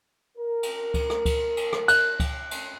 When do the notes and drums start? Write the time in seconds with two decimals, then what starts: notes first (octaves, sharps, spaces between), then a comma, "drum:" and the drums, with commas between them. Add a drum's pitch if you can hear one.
0.38 A#4
0.63 drum: cymbal
0.94 drum: kick C#2, cymbal
1.10 drum: rim click
1.26 drum: kick C#2, cymbal
1.57 drum: cymbal
1.73 drum: rim click
1.88 F#6, drum: cymbal
2.20 drum: kick C#2, cymbal
2.51 drum: cymbal